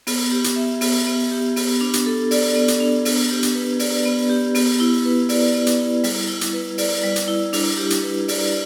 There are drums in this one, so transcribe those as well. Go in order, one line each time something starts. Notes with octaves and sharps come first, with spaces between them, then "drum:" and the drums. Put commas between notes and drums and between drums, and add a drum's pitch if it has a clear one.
B3, drum: open hi-hat
G4
drum: hi-hat
E5
B3, drum: open hi-hat
B3
G4
B3, drum: open hi-hat
D4
drum: hi-hat
A4
D5, drum: open hi-hat
B3
drum: hi-hat
D4
B3, drum: open hi-hat
G4
drum: hi-hat
B4
D5, drum: open hi-hat
B3
G4
B3, drum: open hi-hat
E4
B4
D5, drum: open hi-hat
B3
drum: hi-hat
E4
G3, drum: open hi-hat
E4
drum: hi-hat
B4
D5, drum: open hi-hat
G3
drum: hi-hat
E4
D4, drum: open hi-hat
G4
drum: hi-hat
B4
D5, drum: open hi-hat